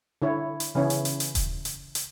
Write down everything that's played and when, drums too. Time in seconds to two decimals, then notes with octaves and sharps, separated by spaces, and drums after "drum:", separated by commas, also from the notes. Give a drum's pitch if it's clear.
0.22 D3 E4 C#5
0.60 drum: hi-hat
0.75 C#3 E3 B3 C#4 E4 C#5
0.90 drum: hi-hat
1.05 drum: hi-hat
1.20 drum: hi-hat
1.35 drum: kick D#1, hi-hat
1.65 drum: hi-hat
1.95 drum: hi-hat